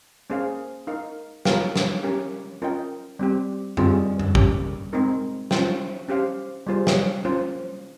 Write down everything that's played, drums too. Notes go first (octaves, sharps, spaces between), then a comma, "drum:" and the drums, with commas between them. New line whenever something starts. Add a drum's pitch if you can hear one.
A#3 C#4 G#4 C5 F5
D#4 A#4 F5
A#3 F4 A#4 F5, drum: snare
drum: snare
C#4 G4 A#4
C#4 F4 A#4 D#5 G5
G3 C4 G4
G3 C4 F4 G#4, drum: tom F#2
drum: tom F#2
G3 A#3 C#4 G4, drum: kick
G#3 C4 D#4 A#4
C#4 F4 C5 G5, drum: snare
C#4 G4 C5 F5
G3 A#3 F4 G#4 C5
drum: snare
A#3 C#4 F4 C5